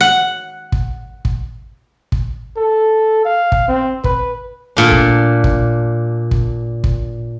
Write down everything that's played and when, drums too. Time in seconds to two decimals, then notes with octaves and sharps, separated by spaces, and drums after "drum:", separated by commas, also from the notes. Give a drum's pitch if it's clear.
0.01 F#5
0.72 drum: kick
1.25 drum: kick
2.12 drum: kick
2.56 A4
3.25 F5
3.52 drum: kick
3.68 C4
4.04 B4, drum: kick
4.77 A#2 D4
4.92 drum: kick
5.44 drum: kick
6.31 drum: kick
6.84 drum: kick